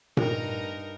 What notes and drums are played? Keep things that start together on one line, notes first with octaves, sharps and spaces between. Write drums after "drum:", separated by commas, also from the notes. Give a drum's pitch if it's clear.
G2 D#4 A#4, drum: tom A#2